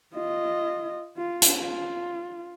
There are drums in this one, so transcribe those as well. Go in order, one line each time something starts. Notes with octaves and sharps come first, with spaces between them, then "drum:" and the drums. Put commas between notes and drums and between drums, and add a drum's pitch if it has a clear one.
F4 D#5
F4
drum: hi-hat
F4